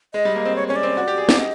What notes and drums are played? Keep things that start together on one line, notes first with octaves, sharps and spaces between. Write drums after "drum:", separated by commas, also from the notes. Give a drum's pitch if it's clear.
G#3 D#5
G3
A#3
C4
C#5
C#4 C#5
D5
C4
F#4
G4
G#4
G4, drum: snare
D#5